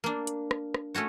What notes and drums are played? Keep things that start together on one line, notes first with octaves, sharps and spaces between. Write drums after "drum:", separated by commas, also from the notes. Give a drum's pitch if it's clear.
A#3 D4
drum: hi-hat
drum: rim click
drum: rim click
A3 C#4 F#4 C#5